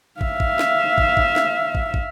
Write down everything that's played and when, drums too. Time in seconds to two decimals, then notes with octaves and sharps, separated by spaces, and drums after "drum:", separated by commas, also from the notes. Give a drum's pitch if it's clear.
0.21 E5 F5, drum: kick
0.40 drum: kick
0.59 drum: snare
0.98 drum: kick
1.17 drum: kick
1.36 drum: snare
1.75 drum: kick
1.94 drum: kick